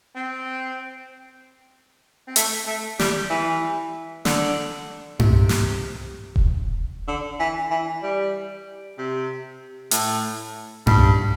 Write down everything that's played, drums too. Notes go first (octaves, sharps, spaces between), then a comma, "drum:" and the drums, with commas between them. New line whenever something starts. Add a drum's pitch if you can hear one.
C4
C4
A3, drum: hi-hat
A3
G3, drum: snare
E3
D3, drum: snare
C3, drum: tom G2
drum: snare
drum: kick D#1
D3
E3
E3
G3
C3
A2, drum: hi-hat
G2, drum: tom G2